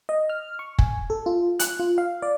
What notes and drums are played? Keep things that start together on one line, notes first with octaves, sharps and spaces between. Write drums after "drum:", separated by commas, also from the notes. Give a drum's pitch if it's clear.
D#5
F6
C#6
G#5, drum: kick
A4
F4
F#6, drum: hi-hat
F4
F5
D5